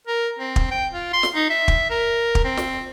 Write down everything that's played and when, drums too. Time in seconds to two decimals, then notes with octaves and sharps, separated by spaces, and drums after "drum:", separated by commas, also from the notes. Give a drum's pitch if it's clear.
0.07 A#4
0.39 C4
0.56 drum: kick
0.71 G5
0.93 F4
1.13 C6
1.23 drum: snare
1.35 D#4
1.50 E5
1.68 drum: kick
1.90 A#4
2.35 drum: kick
2.44 C4
2.57 drum: snare